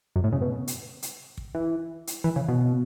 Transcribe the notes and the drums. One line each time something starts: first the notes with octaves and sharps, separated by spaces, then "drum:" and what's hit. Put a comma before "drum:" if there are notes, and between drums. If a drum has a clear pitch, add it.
F#2
A2
C#3
B2
drum: hi-hat
drum: hi-hat
drum: kick
E3
drum: hi-hat
E3
C#3
B2